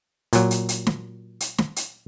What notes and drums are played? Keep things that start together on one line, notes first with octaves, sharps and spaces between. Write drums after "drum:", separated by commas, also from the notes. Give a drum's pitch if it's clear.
A#2 F#3, drum: hi-hat
drum: hi-hat
drum: hi-hat
drum: snare
drum: hi-hat
drum: snare
drum: hi-hat